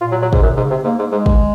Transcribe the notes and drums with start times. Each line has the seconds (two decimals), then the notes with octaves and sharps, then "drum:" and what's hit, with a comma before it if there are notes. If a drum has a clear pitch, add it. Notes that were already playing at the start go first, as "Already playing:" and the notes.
0.01 A#2 F4
0.11 F#3
0.22 F#3
0.33 G#2, drum: kick
0.42 F#2 A#2
0.53 G#2 C3
0.63 C#3
0.70 C3
0.84 G#2 A#3
0.99 G#2
1.12 G#2 G#3
1.26 drum: kick